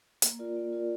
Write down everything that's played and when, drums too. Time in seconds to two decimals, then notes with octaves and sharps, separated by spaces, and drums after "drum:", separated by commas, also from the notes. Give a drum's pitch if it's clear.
0.22 A#3, drum: hi-hat
0.39 F4 A#4 D5
0.56 A#3
0.73 F4 A#4 D5